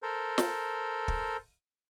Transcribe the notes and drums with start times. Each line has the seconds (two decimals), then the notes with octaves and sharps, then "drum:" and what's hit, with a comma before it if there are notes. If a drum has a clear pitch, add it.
0.03 A4 A#4 C5
0.38 drum: snare
1.08 drum: kick